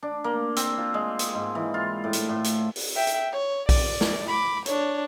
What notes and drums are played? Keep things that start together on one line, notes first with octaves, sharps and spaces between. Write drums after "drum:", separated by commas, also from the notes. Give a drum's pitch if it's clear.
D4
A#3
C4, drum: hi-hat
F4
G#3
drum: hi-hat
G#2
E3
F4
A2
drum: hi-hat
A2
drum: hi-hat
drum: open hi-hat
E5 G5
drum: hi-hat
C#5
D5, drum: kick B1, open hi-hat
drum: snare
B5 D6
D4 C#5, drum: hi-hat